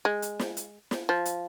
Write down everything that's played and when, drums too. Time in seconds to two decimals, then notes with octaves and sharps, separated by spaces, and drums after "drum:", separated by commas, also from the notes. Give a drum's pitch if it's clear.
0.05 G#3
0.22 drum: hi-hat
0.39 drum: snare
0.57 drum: hi-hat
0.91 drum: snare
1.09 F3
1.25 drum: hi-hat